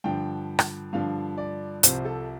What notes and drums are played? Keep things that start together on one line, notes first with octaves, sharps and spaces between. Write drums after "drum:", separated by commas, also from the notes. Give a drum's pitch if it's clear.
G2 D3 F3 G5
drum: rim click
G2 D3 F3 F5
D5
C2 C3 F3 C5, drum: hi-hat
A4